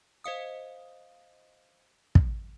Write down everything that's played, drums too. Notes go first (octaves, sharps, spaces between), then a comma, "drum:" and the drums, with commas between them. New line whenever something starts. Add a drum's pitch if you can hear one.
C5 D#5 F5 D#6
drum: kick